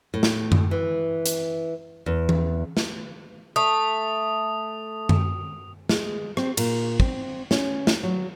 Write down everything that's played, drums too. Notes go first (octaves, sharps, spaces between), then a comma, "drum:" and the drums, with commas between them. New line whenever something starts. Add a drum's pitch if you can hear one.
A2
drum: snare
drum: tom F#2
E3
drum: hi-hat
E2
drum: tom E3
drum: snare
A3 D#6
drum: tom F#2
G#3, drum: snare
C4, drum: rim click
A#2, drum: cymbal
C4, drum: kick
C#4, drum: snare
drum: snare
F#3